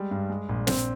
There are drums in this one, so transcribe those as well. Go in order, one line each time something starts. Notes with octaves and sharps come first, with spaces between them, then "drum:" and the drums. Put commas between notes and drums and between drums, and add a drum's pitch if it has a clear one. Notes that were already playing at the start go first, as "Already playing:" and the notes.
Already playing: G3 G#3
G2
G#3
A#1
C4, drum: snare